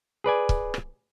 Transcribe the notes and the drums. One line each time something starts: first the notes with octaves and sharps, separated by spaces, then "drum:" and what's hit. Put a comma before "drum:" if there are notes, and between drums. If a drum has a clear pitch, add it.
G#4 B4 D5 G#5
drum: kick
drum: rim click